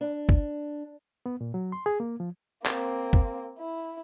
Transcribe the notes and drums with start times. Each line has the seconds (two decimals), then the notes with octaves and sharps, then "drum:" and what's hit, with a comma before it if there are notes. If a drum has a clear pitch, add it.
0.01 D4
0.29 drum: kick G1
1.26 B3
1.41 A#2
1.54 F#3
1.72 C6
1.86 G#4
2.00 A#3
2.20 F3
2.66 A#3 C4, drum: clap
3.13 drum: kick G1
3.59 E4